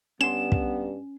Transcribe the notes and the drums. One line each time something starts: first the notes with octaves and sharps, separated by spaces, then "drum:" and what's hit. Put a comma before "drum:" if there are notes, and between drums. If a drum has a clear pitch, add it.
G2 B3 C#4 C6 E7
drum: kick